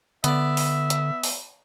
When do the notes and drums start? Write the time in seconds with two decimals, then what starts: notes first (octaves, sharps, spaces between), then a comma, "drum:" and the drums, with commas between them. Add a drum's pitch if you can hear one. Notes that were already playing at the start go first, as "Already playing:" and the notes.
0.24 D3 B3 D5 E5, drum: hi-hat
0.57 drum: open hi-hat
0.90 drum: hi-hat
1.23 drum: open hi-hat